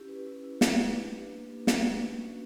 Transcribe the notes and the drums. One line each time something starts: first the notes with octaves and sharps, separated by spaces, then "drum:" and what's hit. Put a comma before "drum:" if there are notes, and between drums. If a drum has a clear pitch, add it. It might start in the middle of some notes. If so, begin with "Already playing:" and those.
Already playing: C#4 E4 G4
B4
E4
E4
G4, drum: snare
B4
D4
G4
A#3
B4
D4, drum: snare
A#3
C#4
F#4